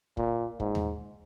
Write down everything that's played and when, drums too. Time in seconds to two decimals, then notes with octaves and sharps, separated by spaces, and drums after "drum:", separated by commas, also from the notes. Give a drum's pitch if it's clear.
0.17 A#2, drum: kick
0.60 G#2, drum: kick
0.75 drum: tom D#2